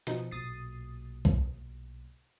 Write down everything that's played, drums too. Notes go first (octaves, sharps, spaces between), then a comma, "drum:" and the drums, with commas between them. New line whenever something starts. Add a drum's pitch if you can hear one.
B2 F3 D#4, drum: hi-hat
B1 A#2 D#6 A6 C7
drum: kick C2